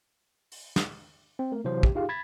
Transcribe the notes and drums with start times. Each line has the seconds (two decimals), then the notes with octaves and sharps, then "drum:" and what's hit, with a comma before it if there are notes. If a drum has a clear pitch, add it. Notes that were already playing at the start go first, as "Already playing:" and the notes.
0.52 drum: open hi-hat
0.76 drum: snare
1.39 C4
1.52 A3 A#4
1.64 C3 E3 F#3 E4 C5
1.83 E2 A#2 G4, drum: kick
1.95 D#4 F4 G4 G#4 F5
2.09 B5 G#6 A6 B6